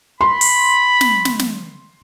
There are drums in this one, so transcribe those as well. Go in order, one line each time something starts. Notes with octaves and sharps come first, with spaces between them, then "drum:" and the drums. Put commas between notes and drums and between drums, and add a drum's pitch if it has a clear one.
B5 C6
drum: open hi-hat
drum: snare
drum: snare
drum: snare